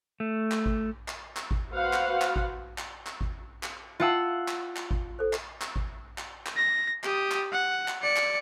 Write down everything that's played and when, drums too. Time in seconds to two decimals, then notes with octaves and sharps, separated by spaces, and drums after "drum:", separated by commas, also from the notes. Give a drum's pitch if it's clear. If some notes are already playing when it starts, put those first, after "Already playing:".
0.20 A3
0.52 drum: clap
0.66 drum: kick G#1
1.08 drum: clap
1.37 drum: clap
1.51 drum: kick G#1
1.72 F#4 B4 C5 F5 F#5
1.93 drum: clap
2.22 drum: clap
2.36 drum: kick G#1
2.78 drum: clap
3.07 drum: clap
3.21 drum: kick G#1
3.63 drum: clap
4.00 F4 E5 F#5 G5 A5 E6
4.48 drum: clap
4.77 drum: clap
4.91 drum: kick G#1
5.19 A4 C5
5.33 drum: clap
5.62 drum: clap
5.76 drum: kick G#1
6.18 drum: clap
6.46 drum: clap
6.57 A#6
7.04 G4 D#6, drum: clap
7.31 drum: clap
7.52 F#5
7.88 drum: clap
8.02 D5 C#7
8.16 drum: clap